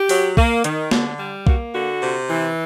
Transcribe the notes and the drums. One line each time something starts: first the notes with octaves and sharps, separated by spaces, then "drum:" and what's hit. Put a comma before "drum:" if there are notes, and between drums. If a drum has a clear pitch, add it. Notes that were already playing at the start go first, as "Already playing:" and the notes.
Already playing: G4
F#3, drum: open hi-hat
A#3, drum: kick B1
D#3, drum: hi-hat
D3, drum: snare
G3
A#3 F#4, drum: kick B1
D3 F#4
C3
E3